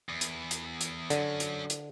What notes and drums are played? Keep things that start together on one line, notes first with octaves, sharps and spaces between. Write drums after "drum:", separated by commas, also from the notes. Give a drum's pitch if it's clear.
E2
drum: hi-hat
drum: hi-hat
drum: hi-hat
D3 F#3 C#4, drum: hi-hat
drum: hi-hat
drum: hi-hat